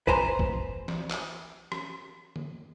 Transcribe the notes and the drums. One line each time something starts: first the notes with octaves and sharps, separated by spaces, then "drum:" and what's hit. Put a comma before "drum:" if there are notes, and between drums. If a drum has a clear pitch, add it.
B4 C5 G#5 A#5 C6, drum: kick
drum: kick
drum: snare
drum: clap
drum: rim click
drum: tom D3